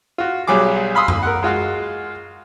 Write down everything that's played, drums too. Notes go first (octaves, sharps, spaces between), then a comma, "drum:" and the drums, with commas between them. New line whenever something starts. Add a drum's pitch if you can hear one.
F4 F#4
B1 F#3 G3 G#4 D6
F5 B5 C6 D#6 E6
drum: tom F#2
A#4 F#5
G#3 F4 F#4 F5